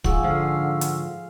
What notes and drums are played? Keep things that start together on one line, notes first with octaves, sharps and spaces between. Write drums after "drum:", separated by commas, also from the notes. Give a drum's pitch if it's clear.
G#2 F3 F4 G#4 F#5 C#6 E6, drum: kick
G#2 D3 F3 F5
drum: hi-hat